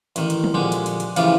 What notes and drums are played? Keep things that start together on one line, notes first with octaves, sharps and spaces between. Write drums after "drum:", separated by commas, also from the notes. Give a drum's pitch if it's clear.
A1 D#3, drum: hi-hat
drum: hi-hat
drum: tom
A#1 D3 G#3 G4
drum: hi-hat
drum: hi-hat
drum: hi-hat
A2 C#3 E3 F3 F4 G4, drum: hi-hat